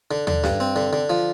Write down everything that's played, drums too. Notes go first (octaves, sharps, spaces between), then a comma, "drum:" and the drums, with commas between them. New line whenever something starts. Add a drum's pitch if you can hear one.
D3
D3, drum: tom D#2
G2, drum: snare
C4
D3
D3
F3